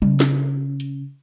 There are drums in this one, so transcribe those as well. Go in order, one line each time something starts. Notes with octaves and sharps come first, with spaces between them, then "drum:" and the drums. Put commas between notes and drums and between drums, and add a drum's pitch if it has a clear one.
C#3, drum: tom F#3
drum: snare
drum: hi-hat